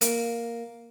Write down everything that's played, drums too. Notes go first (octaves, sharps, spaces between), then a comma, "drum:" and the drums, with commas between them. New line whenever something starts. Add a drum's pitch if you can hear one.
A#3, drum: hi-hat